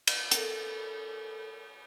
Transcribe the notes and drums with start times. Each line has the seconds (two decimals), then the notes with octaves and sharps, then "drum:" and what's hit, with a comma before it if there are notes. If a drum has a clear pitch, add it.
0.07 drum: cymbal
0.31 A4 A#4, drum: hi-hat